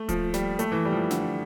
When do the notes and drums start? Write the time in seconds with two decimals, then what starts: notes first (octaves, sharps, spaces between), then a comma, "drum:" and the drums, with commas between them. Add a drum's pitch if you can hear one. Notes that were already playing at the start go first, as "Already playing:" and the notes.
Already playing: A3
0.09 F3, drum: kick D1, hi-hat
0.34 G3, drum: snare
0.59 A3, drum: hi-hat
0.72 E3
0.85 G3
0.92 F3
0.98 E3
1.11 D3, drum: snare